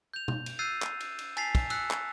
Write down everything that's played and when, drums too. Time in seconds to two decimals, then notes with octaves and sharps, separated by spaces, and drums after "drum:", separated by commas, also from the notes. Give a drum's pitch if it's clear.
0.14 G6 F7
0.28 drum: tom B2
0.46 drum: cymbal
0.59 E6 F#6 G6 A6 C7 D#7
0.82 drum: clap
1.00 drum: cymbal
1.19 drum: cymbal
1.37 G#5 A5 A6 B6 C7 F7, drum: cymbal
1.55 drum: kick, cymbal
1.70 E6 F#6 B6 C#7, drum: cymbal
1.91 drum: clap